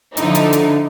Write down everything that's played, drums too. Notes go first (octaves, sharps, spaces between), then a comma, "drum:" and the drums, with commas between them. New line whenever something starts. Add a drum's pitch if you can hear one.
D3 F3 D#4 E4, drum: hi-hat
drum: hi-hat
drum: hi-hat